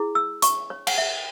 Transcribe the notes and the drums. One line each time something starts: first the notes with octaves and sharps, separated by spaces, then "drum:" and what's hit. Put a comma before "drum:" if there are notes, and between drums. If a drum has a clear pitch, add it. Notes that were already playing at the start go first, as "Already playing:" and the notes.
Already playing: E4 G#4
E6
C#6, drum: hi-hat
C#5
F#5, drum: cymbal
E5